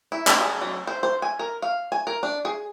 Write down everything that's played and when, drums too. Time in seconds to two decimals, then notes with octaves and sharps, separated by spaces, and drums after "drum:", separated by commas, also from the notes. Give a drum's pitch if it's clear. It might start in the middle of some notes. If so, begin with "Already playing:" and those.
0.12 E4
0.27 drum: clap
0.41 G#4
0.61 F#3
0.87 C5
1.03 C5
1.22 G#5
1.39 A#4
1.62 F5
1.92 G#5
2.07 A#4
2.23 D4
2.45 G#4